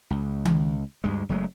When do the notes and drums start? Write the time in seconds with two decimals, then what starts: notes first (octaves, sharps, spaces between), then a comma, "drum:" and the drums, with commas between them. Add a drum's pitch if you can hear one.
0.10 C#2
0.45 drum: tom D#3
1.04 D2 G2 G#3
1.29 F#1 F#3 G#3 A3